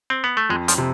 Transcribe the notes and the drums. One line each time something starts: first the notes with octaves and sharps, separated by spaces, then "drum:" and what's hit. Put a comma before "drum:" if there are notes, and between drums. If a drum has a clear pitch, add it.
C4
B3
A3
F2 G#3
F3, drum: hi-hat
C3